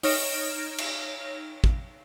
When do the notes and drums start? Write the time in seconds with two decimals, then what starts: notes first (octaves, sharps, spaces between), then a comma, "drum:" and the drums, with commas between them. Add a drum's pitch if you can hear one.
0.03 D#4 C#5 F6 A#6 D7 E7, drum: open hi-hat
0.78 drum: cymbal
1.64 drum: kick